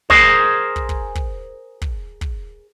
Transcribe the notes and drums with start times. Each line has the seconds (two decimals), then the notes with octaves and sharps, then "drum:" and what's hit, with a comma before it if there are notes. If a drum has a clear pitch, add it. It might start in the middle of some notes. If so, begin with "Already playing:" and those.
0.10 G#4 A#4 C5, drum: kick
0.76 drum: kick
0.89 drum: kick
1.15 drum: kick
1.82 drum: kick
2.21 drum: kick